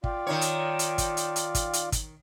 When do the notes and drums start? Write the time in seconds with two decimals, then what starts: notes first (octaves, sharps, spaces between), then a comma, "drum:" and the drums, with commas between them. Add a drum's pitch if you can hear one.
0.04 F4 D5 F5 G5, drum: kick
0.27 D#3 D#4 C#5
0.41 drum: hi-hat
0.79 drum: hi-hat
0.98 drum: kick, hi-hat
1.17 drum: hi-hat
1.36 drum: hi-hat
1.55 drum: kick, hi-hat
1.73 drum: hi-hat
1.92 drum: kick, hi-hat